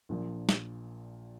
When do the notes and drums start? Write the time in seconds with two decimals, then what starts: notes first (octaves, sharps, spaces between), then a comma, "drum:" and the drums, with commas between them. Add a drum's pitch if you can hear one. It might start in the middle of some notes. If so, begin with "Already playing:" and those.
0.09 A#1 A#2 F3
0.49 drum: snare